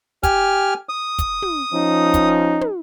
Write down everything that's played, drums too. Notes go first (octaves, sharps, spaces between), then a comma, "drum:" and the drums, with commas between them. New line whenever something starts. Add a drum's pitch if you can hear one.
G4 G#5 F6, drum: kick, hi-hat
D#6
drum: kick, hi-hat
drum: tom
F3 C#4 D#4
drum: kick, hi-hat
drum: tom